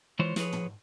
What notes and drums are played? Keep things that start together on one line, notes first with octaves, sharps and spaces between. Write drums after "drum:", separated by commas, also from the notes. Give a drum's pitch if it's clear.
E3 G#3 F4 C5 C#5
F3 G#4 B4 C#5, drum: snare
drum: tom